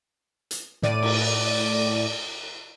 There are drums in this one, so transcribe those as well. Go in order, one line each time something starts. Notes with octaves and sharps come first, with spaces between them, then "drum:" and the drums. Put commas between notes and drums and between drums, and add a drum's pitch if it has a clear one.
drum: hi-hat
A2 D5 D#7, drum: snare
drum: cymbal